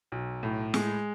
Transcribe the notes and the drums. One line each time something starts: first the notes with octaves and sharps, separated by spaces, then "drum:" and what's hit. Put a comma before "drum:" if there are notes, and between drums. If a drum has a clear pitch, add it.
B1
A2
G#3, drum: snare